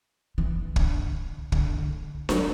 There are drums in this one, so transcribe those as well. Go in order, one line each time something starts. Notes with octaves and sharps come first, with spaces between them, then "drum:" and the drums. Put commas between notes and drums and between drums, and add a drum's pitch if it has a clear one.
E3
D3, drum: kick
D3, drum: kick
F#3, drum: snare D4